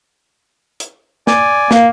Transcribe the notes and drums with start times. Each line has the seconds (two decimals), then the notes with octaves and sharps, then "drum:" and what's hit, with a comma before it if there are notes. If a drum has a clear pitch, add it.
0.80 drum: hi-hat
1.27 D5 G#5, drum: snare
1.71 A#3, drum: snare